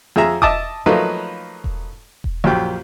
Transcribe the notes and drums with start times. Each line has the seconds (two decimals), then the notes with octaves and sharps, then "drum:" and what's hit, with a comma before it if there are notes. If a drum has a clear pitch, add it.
0.16 F2 G#4 E5 A#5
0.42 D#5 E5 A5 D6 D#6, drum: kick E1
0.86 F3 F#3 A3 A#3 D#4 B4
1.64 drum: kick E1
2.24 drum: kick E1
2.44 A#1 F#2 G4